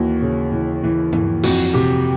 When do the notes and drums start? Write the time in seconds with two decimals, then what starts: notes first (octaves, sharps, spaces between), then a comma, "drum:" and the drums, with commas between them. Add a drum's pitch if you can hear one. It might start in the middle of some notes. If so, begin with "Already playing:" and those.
Already playing: D#2 E3 F#4
0.22 C#3
0.52 E3
0.83 E3
1.13 E3, drum: tom G2
1.43 F2 F#4, drum: cymbal
1.74 C3 G4